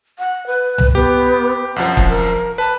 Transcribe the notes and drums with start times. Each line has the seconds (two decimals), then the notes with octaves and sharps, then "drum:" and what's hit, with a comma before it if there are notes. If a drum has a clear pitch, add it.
0.19 F#5
0.47 B4
0.78 drum: tom C2
0.95 B3 G4
1.76 C2 F#2 F3 F#5
1.97 drum: kick
2.09 A#4
2.58 B4 A5